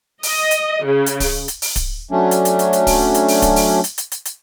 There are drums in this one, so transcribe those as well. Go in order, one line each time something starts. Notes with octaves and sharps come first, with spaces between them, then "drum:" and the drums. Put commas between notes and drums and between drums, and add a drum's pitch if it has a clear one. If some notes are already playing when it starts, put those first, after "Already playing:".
D#5, drum: open hi-hat
drum: hi-hat
C#3
drum: hi-hat
drum: kick D1, open hi-hat
drum: hi-hat
drum: open hi-hat
drum: kick D1, hi-hat
F#3 A3 C#4 D4
drum: hi-hat
drum: hi-hat
drum: hi-hat
drum: hi-hat
drum: kick D1, open hi-hat
drum: hi-hat
drum: open hi-hat
drum: kick D1, hi-hat
drum: open hi-hat
drum: hi-hat
drum: hi-hat
drum: hi-hat
drum: hi-hat